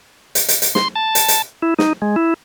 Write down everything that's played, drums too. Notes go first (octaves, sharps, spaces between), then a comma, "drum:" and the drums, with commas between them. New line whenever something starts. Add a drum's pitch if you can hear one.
drum: hi-hat
drum: hi-hat
drum: hi-hat
C6, drum: snare
A5
drum: hi-hat
drum: hi-hat
E4
D#4, drum: snare
G#3
E4